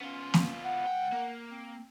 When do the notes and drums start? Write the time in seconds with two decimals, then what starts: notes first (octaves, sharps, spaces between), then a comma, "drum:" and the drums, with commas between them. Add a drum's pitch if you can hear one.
0.01 B3 C#4 F4
0.34 drum: snare A#3
0.65 F#5
0.86 C#2 G5
1.12 A#3
1.51 C4